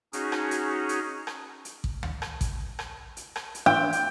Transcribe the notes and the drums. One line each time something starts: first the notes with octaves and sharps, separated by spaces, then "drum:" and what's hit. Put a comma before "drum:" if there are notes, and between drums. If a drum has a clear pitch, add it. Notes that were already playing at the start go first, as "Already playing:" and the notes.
C#4 D#4 F#4 G#4, drum: hi-hat
drum: rim click
drum: hi-hat
drum: hi-hat
drum: rim click
drum: hi-hat
drum: kick A1
drum: tom
drum: rim click
drum: kick A1, hi-hat
drum: rim click
drum: hi-hat
drum: rim click
drum: hi-hat
G5
drum: hi-hat